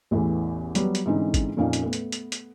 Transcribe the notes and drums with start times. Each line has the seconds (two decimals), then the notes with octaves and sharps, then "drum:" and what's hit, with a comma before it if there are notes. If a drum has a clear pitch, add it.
0.11 A1 E2 E3 A3
0.75 F#3 G3 B3, drum: hi-hat
0.95 drum: hi-hat
1.06 G#2 D3 E3 C4 C#4 D#4
1.34 drum: kick G#1, hi-hat
1.57 F2 A#2 C#4 D#4 F5
1.73 drum: hi-hat
1.83 A3 B3
1.93 drum: hi-hat
2.12 drum: hi-hat
2.32 drum: hi-hat